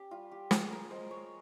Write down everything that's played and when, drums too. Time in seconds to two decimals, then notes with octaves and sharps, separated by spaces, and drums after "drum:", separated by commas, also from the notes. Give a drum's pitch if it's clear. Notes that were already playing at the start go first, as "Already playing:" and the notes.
Already playing: C#4 G4
0.11 G3 F4
0.31 G4
0.51 C#4 F4 G#4, drum: snare
0.71 A#4
0.91 G#3 C5
1.11 C#5